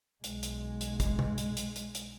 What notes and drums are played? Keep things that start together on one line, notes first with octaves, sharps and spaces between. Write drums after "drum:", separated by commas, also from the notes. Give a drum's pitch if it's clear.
B1 G#3, drum: hi-hat
drum: hi-hat
drum: hi-hat
drum: kick, hi-hat
drum: tom C3
drum: hi-hat
drum: hi-hat
drum: hi-hat
drum: hi-hat